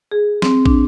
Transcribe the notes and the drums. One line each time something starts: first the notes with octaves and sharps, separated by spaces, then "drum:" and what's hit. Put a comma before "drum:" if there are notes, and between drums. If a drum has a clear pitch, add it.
G#4
C4, drum: snare
D4, drum: kick